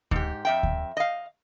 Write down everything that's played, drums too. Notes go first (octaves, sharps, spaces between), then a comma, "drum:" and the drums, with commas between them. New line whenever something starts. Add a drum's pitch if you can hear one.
G#2 G4, drum: kick D2
F2 E5 G5
drum: kick D2
D#5 F5